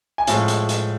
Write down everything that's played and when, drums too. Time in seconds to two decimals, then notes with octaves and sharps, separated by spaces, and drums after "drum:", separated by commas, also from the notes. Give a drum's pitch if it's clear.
0.18 G#5
0.27 A2 F3 G#3 F5, drum: hi-hat
0.48 drum: hi-hat
0.69 drum: hi-hat